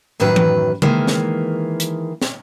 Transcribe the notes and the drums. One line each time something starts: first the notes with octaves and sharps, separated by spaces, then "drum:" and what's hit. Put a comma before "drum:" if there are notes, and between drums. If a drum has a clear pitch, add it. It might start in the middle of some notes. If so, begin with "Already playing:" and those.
F#2 A2 D#3 F#3 B4
drum: tom E3
D#3 E3 G#3 A#3, drum: tom C#3
drum: snare
drum: hi-hat
drum: snare